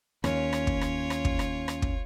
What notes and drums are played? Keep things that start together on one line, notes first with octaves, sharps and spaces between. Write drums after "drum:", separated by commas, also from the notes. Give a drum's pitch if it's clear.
D#2 C#4 F4 C#5, drum: rim click
drum: rim click
drum: kick
drum: rim click
drum: rim click
drum: kick
drum: rim click
drum: rim click
drum: kick